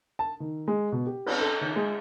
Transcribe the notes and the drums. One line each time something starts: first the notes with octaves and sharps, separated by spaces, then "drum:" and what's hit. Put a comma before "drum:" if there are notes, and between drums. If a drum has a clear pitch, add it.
A5
D#3
G#3
B2
G4
B4, drum: cymbal
A4
D#3
G#3